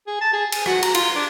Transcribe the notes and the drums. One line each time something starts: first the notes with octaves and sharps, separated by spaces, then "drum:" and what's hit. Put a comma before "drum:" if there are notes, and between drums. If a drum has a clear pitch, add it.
G#4
A5
G#4
G#5, drum: cymbal
F#4, drum: rim click
A#5, drum: cymbal
F4, drum: cymbal
D4